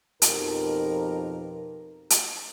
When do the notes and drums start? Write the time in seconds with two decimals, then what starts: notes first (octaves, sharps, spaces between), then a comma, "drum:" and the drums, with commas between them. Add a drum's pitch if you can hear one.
0.22 F2 B2 F3 D#4 G4 A#4, drum: hi-hat
2.10 drum: hi-hat